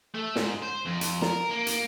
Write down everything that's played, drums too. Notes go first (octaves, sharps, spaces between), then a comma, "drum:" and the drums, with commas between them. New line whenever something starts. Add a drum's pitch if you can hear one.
A3
G#2, drum: snare
C5
F2
drum: hi-hat
A#4, drum: snare
A#3
drum: hi-hat